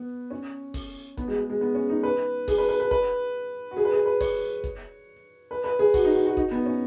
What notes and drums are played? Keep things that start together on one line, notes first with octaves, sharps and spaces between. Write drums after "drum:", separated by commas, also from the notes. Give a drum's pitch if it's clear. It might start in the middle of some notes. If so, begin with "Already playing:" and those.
Already playing: B3
C#4
drum: kick F#1, open hi-hat
B3, drum: kick F#1, hi-hat
G#3
G#3
G#3
B3
C#4
D#4
B4
G#4, drum: kick F#1, open hi-hat
B4
B4
B4
B4, drum: kick F#1, hi-hat
F#4
G#4
B4
G#4
B4
C#5, drum: kick F#1, open hi-hat
drum: kick F#1, hi-hat
B4
B4
G#4
F#4, drum: kick F#1, open hi-hat
D#4
F#4
F#4
D#4, drum: kick F#1, hi-hat
B3
C#4